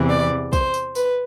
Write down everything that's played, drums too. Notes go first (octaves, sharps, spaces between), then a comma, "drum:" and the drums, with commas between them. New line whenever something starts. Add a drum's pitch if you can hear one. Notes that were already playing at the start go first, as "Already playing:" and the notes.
Already playing: E2 C3 E3
D5
C5, drum: kick, tambourine
drum: tambourine
B4, drum: tambourine